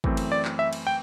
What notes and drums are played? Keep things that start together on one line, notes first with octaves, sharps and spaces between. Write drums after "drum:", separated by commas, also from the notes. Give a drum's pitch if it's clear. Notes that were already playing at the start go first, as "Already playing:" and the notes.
F#2 E3 A3 C4, drum: kick
drum: cymbal
D5
drum: clap
E5
drum: cymbal
G5